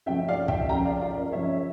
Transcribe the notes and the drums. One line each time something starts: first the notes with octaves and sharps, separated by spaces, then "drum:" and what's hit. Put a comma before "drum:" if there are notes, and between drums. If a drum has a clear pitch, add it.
C#3 F3 C#4 E5 G5
D5 F5
E5 G5, drum: kick
C#3 F3 C#4 G5 A#5
D5 F5
D5 F5
A#4
C#3 F3 C#4 C#5 E5